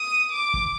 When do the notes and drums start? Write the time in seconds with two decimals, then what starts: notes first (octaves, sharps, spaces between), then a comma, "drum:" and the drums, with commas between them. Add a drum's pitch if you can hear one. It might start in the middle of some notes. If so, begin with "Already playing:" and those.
Already playing: D#6
0.32 D6
0.54 drum: kick